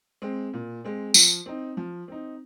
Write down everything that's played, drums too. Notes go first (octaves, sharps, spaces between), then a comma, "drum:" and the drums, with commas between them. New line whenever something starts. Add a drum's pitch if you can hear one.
G#3 C4
A#2
G#3 C4
F3, drum: tambourine
C4 D#4
F3
C4 D#4